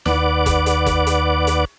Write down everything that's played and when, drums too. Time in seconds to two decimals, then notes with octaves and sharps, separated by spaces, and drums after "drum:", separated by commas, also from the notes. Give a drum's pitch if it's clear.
0.06 D#2 B4 D5 F#5 D6, drum: snare
0.46 drum: kick, hi-hat
0.66 drum: hi-hat
0.86 drum: kick, hi-hat
1.07 drum: hi-hat
1.47 drum: hi-hat